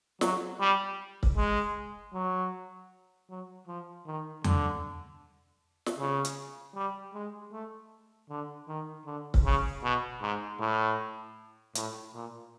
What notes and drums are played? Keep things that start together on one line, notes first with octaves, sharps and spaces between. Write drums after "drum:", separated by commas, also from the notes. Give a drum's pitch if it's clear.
F#3, drum: snare
G3
drum: kick C#1
G#3
F#3
F#3
F3
D#3
D3, drum: tom E2
drum: snare
C#3
drum: hi-hat
G3
G#3
A3
D3
D#3
D3
drum: kick C#1
C#3
B2
G#2
A2
A2, drum: hi-hat
A#2